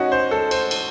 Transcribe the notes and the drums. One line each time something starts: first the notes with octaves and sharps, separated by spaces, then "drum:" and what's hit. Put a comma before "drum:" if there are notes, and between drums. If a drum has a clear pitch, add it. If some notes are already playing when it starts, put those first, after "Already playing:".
Already playing: E2 C#4 D#4 F#4
C5
A4
C5, drum: cymbal
drum: cymbal